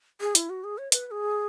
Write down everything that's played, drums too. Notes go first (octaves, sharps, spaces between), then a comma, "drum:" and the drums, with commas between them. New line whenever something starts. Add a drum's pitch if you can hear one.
G#4
E4, drum: hi-hat
F#4
G#4
C#5
B4, drum: hi-hat
B4
G#4